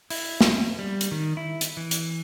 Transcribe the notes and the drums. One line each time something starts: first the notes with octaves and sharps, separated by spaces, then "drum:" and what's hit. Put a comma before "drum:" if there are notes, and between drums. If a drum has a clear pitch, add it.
E4, drum: open hi-hat
drum: snare
G3
drum: hi-hat
D#3
E4
drum: hi-hat
E3
drum: hi-hat